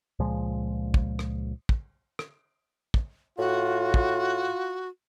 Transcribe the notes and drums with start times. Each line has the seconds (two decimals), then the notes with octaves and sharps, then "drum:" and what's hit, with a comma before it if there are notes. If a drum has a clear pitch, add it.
0.19 C#2 A#2 F3 G#3
0.94 drum: kick
1.19 drum: rim click
1.69 drum: kick
2.19 drum: rim click
2.94 drum: kick
3.38 A2 F4 F#4
3.94 drum: kick